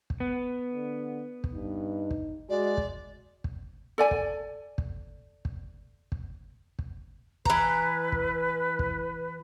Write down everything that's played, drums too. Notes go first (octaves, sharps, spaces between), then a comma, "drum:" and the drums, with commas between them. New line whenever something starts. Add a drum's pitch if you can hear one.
drum: kick
B3
D3
drum: kick
G2 D#4
drum: kick
G#3 F#4 D5
drum: kick
drum: kick
A4 D5 G#5
drum: kick
drum: kick
drum: kick
drum: kick
drum: kick
E3 B4 A#5, drum: kick
drum: kick
drum: kick